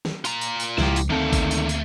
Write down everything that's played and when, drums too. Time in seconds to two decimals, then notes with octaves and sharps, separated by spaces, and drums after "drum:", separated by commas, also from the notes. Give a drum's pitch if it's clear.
0.05 drum: snare
0.25 F4 A#5, drum: tambourine
0.41 drum: tambourine
0.60 drum: tambourine
0.78 C#2 F3 G#3 E4 G4, drum: snare
0.96 drum: tambourine
1.10 D2 D#3 A3 A#3 C4 A4
1.33 drum: kick G#1, tambourine
1.51 drum: tambourine
1.69 drum: tambourine